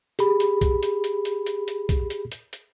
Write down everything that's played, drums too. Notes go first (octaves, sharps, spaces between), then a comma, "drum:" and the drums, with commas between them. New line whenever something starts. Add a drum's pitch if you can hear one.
G4 G#4 B5, drum: hi-hat
drum: hi-hat
drum: kick B1, hi-hat
drum: hi-hat
drum: hi-hat
drum: hi-hat
drum: hi-hat
drum: hi-hat
drum: kick B1, hi-hat
drum: hi-hat
drum: hi-hat
drum: hi-hat